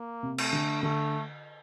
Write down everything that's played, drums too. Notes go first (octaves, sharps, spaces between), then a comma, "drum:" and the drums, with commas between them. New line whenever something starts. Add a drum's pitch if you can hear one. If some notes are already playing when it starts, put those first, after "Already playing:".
Already playing: A#3
C3
A3, drum: cymbal
D3
D3 A3